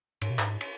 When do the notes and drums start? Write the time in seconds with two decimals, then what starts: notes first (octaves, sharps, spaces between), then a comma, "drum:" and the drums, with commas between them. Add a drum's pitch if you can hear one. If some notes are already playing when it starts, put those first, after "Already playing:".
0.22 G#2, drum: cymbal
0.30 B2
0.39 G#2, drum: clap
0.61 drum: cymbal